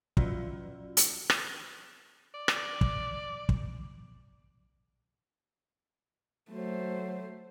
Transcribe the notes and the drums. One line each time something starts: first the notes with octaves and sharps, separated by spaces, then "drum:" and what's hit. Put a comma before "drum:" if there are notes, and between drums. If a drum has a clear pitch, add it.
F#3 C#4 F4 F#4 D5, drum: kick
drum: hi-hat
drum: rim click
D5
drum: rim click
drum: kick
drum: kick
F#3 A3 C5